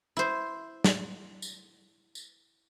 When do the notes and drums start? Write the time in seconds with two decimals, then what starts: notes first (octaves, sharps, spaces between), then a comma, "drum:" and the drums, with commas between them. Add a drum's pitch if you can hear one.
0.17 E4 C5
0.84 drum: snare
1.42 drum: tambourine
2.15 drum: tambourine